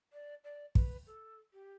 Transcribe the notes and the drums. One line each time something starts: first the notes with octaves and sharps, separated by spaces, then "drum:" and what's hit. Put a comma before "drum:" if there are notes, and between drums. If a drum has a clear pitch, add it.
D5
D5
B4, drum: kick
A4
G4